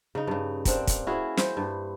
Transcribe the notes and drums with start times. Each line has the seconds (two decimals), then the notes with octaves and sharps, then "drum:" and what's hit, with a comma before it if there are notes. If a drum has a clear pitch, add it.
0.15 C#3 D#4
0.27 G2 C#3
0.65 A#3 C4 D4, drum: kick, hi-hat
0.87 drum: kick, hi-hat
1.07 C#4 E4 F#4 G#4
1.37 C5, drum: snare
1.57 G2